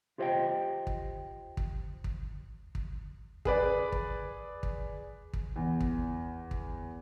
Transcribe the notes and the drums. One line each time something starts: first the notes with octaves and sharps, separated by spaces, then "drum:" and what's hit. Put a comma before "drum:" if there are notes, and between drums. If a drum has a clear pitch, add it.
F4 G4 C5 D5 D#5 G5
drum: kick
drum: kick
drum: kick
drum: kick
G#4 B4 D5, drum: kick
drum: kick
drum: kick
drum: kick
E2
drum: kick
drum: kick